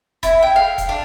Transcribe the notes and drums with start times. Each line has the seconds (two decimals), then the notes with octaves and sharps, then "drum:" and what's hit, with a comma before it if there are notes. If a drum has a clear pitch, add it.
0.23 E4, drum: kick E1, hi-hat
0.43 G5
0.56 F5
0.78 drum: kick E1, hi-hat
0.89 D4